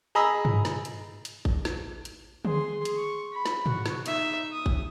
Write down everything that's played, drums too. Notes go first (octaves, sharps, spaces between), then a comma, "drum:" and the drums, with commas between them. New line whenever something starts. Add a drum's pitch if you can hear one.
G#4 D#5 A#5 B5 D#6 E6
drum: tom G2
drum: snare
drum: hi-hat
drum: hi-hat
drum: kick G#1
drum: snare
drum: hi-hat
G#4 C6, drum: tom D3
drum: hi-hat
C#6
B5
drum: snare
F#4, drum: tom G#2
drum: snare
D#4 E5, drum: hi-hat
D#6
drum: kick G#1